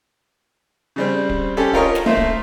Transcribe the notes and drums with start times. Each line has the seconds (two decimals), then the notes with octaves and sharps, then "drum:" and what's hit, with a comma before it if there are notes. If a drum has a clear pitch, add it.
0.96 C#3 G3 C4
1.29 drum: kick D1
1.57 C#4 G4 A4
1.73 F4 A#4 C#5 D#5, drum: kick D1
1.95 drum: snare
2.06 A3 A#3 C5
2.17 drum: kick D1